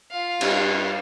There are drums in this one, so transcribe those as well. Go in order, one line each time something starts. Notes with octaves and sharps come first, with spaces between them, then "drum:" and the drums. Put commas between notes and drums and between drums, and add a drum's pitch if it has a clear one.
F4 F5
G2, drum: cymbal